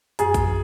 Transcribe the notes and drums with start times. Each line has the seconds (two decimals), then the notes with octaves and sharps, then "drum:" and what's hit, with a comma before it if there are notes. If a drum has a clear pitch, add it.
0.19 F#2 G#4, drum: hi-hat
0.34 drum: kick A1, hi-hat